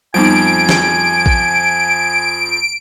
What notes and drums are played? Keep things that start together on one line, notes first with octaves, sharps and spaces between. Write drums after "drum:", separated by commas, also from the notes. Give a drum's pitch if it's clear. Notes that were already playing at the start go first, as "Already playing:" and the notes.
F2 F3 G3 B3 D#4 G#5 D7
drum: snare
drum: kick A#1